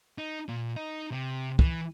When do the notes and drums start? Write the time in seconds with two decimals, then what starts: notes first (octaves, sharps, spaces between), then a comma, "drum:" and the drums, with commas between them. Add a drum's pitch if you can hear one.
0.18 D#4
0.48 A#2
0.76 D#4
1.12 C3
1.59 E3, drum: kick